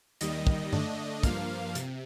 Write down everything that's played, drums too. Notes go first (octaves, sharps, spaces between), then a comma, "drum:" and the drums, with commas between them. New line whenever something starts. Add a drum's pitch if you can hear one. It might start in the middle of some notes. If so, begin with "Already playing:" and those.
D#2 D#3 G3 D#5, drum: hi-hat
drum: kick
D3 A3 D4, drum: tom G2
G2 F3 A#3 F5, drum: kick, hi-hat
C3, drum: hi-hat